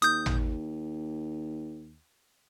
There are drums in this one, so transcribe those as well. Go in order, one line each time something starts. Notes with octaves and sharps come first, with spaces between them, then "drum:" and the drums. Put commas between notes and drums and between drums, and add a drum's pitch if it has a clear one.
D#2 D#6 G6, drum: hi-hat
drum: tom